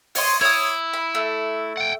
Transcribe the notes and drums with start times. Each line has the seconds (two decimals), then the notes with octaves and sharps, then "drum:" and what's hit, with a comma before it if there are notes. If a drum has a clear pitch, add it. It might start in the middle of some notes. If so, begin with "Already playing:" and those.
0.15 C#5 D#5 C6, drum: open hi-hat
0.41 E4 C#5 D#6
0.93 B5
1.15 A3
1.77 F#5 G5